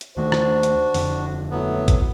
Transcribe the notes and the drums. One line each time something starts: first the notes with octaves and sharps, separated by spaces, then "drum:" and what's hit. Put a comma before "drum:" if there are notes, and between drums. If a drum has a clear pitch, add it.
drum: hi-hat
D#2 D#3 A3 D4 F#4 C5
drum: rim click
drum: hi-hat
D#1 F2 D3, drum: open hi-hat
A2 F#3 B3
drum: kick, hi-hat